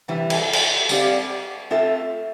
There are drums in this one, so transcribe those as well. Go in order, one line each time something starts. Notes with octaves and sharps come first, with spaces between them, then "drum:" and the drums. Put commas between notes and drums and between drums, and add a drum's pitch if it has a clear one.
C3 E3 G3
drum: cymbal
drum: cymbal
G3 C4 G4 D5 F5, drum: tambourine
A3 C4 F4 A4 E5